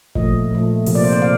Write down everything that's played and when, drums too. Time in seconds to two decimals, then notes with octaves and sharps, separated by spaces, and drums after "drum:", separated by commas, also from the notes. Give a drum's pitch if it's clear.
0.15 A#2 F3 A3 D#5, drum: kick G#1
0.51 A#2 F3 A3
0.86 C3 F3 A#3, drum: open hi-hat
0.95 D5
1.04 C5
1.13 D5
1.22 C3 F5